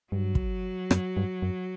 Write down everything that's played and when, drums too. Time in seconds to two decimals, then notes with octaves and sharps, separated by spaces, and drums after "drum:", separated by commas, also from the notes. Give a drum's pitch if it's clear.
0.12 G2 F#3
0.35 drum: kick
0.91 F#2, drum: rim click
1.17 G2
1.42 F#2